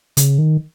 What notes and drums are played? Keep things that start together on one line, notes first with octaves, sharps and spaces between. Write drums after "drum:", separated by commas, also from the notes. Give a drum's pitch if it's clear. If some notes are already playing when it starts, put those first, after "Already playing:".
C#3, drum: hi-hat
D#3